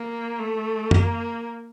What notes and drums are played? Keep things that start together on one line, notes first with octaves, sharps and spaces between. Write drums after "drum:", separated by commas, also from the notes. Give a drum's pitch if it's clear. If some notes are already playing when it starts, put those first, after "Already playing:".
Already playing: A#3
A3
A#3, drum: tom